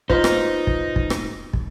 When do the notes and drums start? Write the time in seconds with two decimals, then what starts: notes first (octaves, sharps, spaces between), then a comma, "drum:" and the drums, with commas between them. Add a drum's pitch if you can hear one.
0.10 D#4 F4 B4 C5, drum: kick
0.24 drum: rim click
0.67 drum: kick
0.96 drum: kick
1.10 drum: rim click
1.53 drum: kick